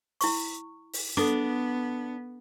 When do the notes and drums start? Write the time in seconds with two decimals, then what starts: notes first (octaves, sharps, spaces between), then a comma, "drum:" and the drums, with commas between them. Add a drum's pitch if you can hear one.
0.21 E4 C#6, drum: open hi-hat
0.93 drum: open hi-hat
1.17 B3 D4 A4 D6, drum: rim click